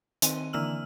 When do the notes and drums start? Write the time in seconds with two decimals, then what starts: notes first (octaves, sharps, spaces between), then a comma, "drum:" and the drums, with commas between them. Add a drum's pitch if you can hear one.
0.22 D#3 C4 D#7, drum: hi-hat
0.53 D3 E3 A#3 E6 F6 F#7